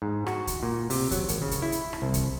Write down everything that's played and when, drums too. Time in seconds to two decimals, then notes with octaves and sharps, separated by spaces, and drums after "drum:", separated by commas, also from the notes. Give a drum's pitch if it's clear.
0.02 G#2
0.27 F#4, drum: rim click
0.47 drum: kick C#2, hi-hat
0.63 A#2
0.90 C3, drum: open hi-hat
1.11 F#3, drum: kick C#2, hi-hat
1.28 G#1, drum: hi-hat
1.42 C#3
1.51 drum: kick C#2, hi-hat
1.62 E4
1.72 drum: hi-hat
1.93 drum: rim click
2.02 C2
2.14 drum: kick C#2, hi-hat